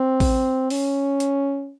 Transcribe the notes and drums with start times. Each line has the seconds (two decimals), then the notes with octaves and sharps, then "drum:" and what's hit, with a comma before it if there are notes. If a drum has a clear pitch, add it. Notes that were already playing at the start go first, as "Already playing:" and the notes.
Already playing: C4
0.20 drum: kick A1, open hi-hat
0.70 C#4, drum: open hi-hat
1.20 drum: hi-hat